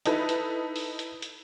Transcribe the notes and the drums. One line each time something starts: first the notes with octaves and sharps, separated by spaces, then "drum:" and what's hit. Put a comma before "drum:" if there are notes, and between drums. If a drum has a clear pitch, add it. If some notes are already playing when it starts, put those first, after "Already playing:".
D#4 E4 A4 B4, drum: hi-hat
drum: hi-hat
drum: open hi-hat
drum: hi-hat
drum: hi-hat